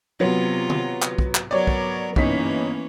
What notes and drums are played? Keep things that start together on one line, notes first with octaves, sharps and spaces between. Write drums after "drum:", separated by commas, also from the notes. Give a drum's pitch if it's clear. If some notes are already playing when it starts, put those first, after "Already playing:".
C3 F#3 B3 F4
drum: tom D3
drum: clap
drum: kick
drum: clap
F#3 B3 A#4 C#5 D5
drum: kick
G1 E3 A#3 C#4 D#4 B6, drum: kick